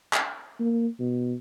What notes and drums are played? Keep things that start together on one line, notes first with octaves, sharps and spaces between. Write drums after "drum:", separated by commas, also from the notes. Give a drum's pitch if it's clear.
drum: clap
A#3
B2